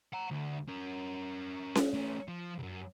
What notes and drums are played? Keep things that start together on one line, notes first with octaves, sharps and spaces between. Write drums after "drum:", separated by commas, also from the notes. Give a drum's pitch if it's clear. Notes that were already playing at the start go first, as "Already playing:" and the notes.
F#5 A#5
D2
C#4 A#4
drum: snare C#4
A3 C#4
F3
C#2 F#2